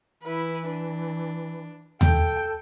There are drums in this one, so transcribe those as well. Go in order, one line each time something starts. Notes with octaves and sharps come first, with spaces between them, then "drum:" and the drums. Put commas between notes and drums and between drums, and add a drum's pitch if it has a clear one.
E3 E4 B4
D4
A4 G5, drum: tom D#2